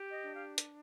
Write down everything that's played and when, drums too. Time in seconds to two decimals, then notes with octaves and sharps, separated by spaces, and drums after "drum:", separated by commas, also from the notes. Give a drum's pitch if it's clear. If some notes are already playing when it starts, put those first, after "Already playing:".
Already playing: G4
0.11 D#5
0.22 D4
0.35 F5
0.58 drum: hi-hat